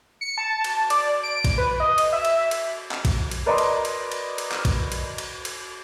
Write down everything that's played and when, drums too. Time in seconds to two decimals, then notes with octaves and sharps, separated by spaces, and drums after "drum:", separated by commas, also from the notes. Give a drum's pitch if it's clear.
0.21 C#7
0.38 A5
0.64 drum: cymbal
0.90 D5, drum: cymbal
1.23 D7
1.45 drum: kick A1, cymbal
1.58 B4
1.80 D#5
1.98 drum: cymbal
2.12 E5
2.25 drum: cymbal
2.51 drum: cymbal
2.91 drum: clap
3.05 drum: kick A1, cymbal
3.31 drum: cymbal
3.46 A#4 B4 D5 D#5 A#5 C6
3.58 drum: cymbal
3.85 drum: cymbal
4.12 drum: cymbal
4.38 drum: cymbal
4.52 drum: clap
4.65 drum: kick A1, cymbal
4.92 drum: cymbal
5.18 drum: cymbal
5.45 drum: cymbal